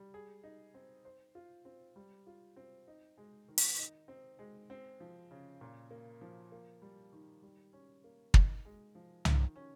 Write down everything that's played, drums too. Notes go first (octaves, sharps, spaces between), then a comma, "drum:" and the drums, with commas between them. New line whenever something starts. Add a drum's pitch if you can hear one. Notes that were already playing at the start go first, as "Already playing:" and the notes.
Already playing: G3
G#4
D#4
C4
C5
F4
C4
G3
F4
C4
D#4
G#3
D#3
drum: open hi-hat
D#4
C4
G#3
C4
F3
C#3
A#2
A#3
F3
A#3
G3
D#3
G3
C#4
A#3
D#4, drum: kick
G#3
F3
D#3, drum: tom C2
C#4